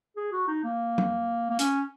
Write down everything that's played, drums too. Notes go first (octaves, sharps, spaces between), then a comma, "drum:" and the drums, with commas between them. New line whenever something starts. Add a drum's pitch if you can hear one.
G#4
F#4
D#4
A#3
drum: tom F#3
A#3
C#4, drum: hi-hat